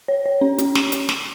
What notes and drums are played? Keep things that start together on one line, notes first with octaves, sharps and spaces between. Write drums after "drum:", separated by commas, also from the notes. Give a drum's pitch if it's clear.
C#5
C#5
C#4
C#4, drum: hi-hat
drum: snare
drum: hi-hat
drum: snare